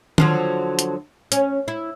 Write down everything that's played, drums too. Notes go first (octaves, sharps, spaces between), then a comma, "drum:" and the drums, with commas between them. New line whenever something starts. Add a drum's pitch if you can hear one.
D3 F3 F#3, drum: tom D#3
drum: hi-hat
C#4, drum: hi-hat
E4